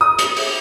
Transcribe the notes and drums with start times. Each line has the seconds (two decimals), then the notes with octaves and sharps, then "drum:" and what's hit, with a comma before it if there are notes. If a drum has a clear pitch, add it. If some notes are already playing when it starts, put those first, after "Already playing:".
0.01 D#6
0.19 drum: hi-hat
0.36 drum: open hi-hat